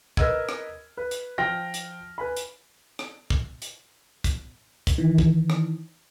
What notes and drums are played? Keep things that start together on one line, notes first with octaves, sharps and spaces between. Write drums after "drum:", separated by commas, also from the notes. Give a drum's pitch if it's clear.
A#4 B4 D#5 E6 G#6, drum: kick
drum: rim click
B4
drum: hi-hat
F3 G5 F6 A#6
drum: hi-hat
B4 G#5 B5
drum: hi-hat
drum: rim click
drum: kick
drum: hi-hat
drum: kick, hi-hat
drum: kick, hi-hat
D#3 E3
drum: kick
drum: rim click